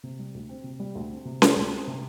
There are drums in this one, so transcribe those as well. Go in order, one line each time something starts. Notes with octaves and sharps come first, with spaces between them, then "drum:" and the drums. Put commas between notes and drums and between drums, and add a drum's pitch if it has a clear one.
C3
G3
D2
C4
C3
G3
D2
C4
C3
G3, drum: snare C#4
D2
C4
C3